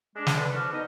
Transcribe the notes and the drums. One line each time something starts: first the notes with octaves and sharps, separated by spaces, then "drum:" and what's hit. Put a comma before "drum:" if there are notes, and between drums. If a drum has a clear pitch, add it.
G#3 D4
drum: snare
A4 B4
D3 F3 D4 F#4 F6
B3 D#4 D#5